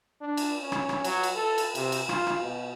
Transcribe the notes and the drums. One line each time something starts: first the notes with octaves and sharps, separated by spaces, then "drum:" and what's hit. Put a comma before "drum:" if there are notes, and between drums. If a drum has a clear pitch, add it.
D4
drum: cymbal
C#4
drum: rim click
drum: rim click
F#3, drum: cymbal
drum: cymbal
A4
drum: cymbal
C3, drum: cymbal
drum: cymbal
F4, drum: rim click
drum: rim click
B2